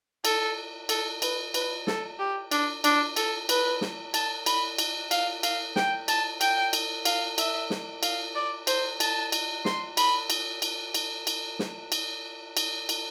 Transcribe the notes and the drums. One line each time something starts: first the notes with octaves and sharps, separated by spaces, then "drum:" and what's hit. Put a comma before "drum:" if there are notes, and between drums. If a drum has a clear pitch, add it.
A4, drum: cymbal
A4, drum: cymbal
B4, drum: cymbal
B4, drum: cymbal
A4, drum: snare
G4
D4, drum: cymbal
D4, drum: cymbal
A4, drum: cymbal
B4, drum: cymbal
drum: snare
A5, drum: cymbal
B5, drum: cymbal
drum: cymbal
F5, drum: cymbal
F5, drum: cymbal
G5, drum: snare
A5, drum: cymbal
G5, drum: cymbal
drum: cymbal
F5, drum: cymbal
E5, drum: cymbal
drum: snare
F5, drum: cymbal
D5
C5, drum: cymbal
A5, drum: cymbal
drum: cymbal
C6, drum: snare
B5, drum: cymbal
drum: cymbal
drum: cymbal
drum: cymbal
drum: cymbal
drum: snare
drum: cymbal
drum: cymbal
drum: cymbal